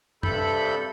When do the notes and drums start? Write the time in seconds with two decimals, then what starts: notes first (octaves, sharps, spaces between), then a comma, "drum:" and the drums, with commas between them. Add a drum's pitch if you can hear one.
0.23 G2 C3 A4 B5 G6, drum: tom F#2